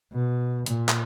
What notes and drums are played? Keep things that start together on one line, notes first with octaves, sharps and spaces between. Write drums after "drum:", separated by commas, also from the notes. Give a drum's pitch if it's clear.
B2
A#2, drum: hi-hat
drum: clap